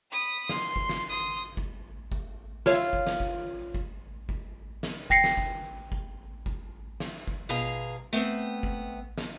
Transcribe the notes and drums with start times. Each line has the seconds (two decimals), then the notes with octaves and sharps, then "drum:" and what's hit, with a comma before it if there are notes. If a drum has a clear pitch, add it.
0.11 B5 D#6
0.49 C6, drum: snare
0.76 drum: kick F#1
0.89 drum: snare
1.09 C6 D#6
1.57 drum: kick F#1
2.12 drum: kick F#1
2.66 F4 C#5 E5, drum: snare
2.93 drum: kick F#1
3.07 drum: snare
3.20 drum: kick F#1
3.74 drum: kick F#1
4.29 drum: kick F#1
4.83 drum: snare
5.10 G5 A#6 C7 C#7, drum: kick F#1
5.24 drum: snare
5.37 drum: kick F#1
5.92 drum: kick F#1
6.46 drum: kick F#1
7.00 drum: snare
7.27 drum: kick F#1
7.49 B2 F4 G#4 F5 A#5
8.13 A3 B3 C4
8.63 drum: kick F#1
9.18 drum: snare